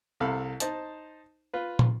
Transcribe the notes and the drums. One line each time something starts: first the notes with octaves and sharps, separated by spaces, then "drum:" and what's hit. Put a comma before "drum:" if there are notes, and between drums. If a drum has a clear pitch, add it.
C2 C3 A4 F5 B5
D#4 C5 A5, drum: hi-hat
F4 B4
drum: tom